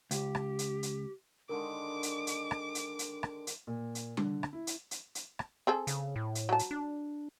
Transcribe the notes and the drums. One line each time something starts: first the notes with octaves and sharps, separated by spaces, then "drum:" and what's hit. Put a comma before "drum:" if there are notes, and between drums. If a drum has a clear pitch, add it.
C#2 G4, drum: hi-hat
drum: rim click
drum: hi-hat
drum: hi-hat
D3 D#3 G#3 D4 A#4 D6
drum: hi-hat
drum: hi-hat
drum: rim click
drum: hi-hat
drum: hi-hat
drum: rim click
drum: hi-hat
A#2
drum: hi-hat
D3, drum: tom G3
drum: rim click
E4
drum: hi-hat
drum: hi-hat
drum: hi-hat
drum: rim click
C4 G#4 A4
C#3, drum: hi-hat
A2
drum: hi-hat
F#3 A5
drum: hi-hat
D4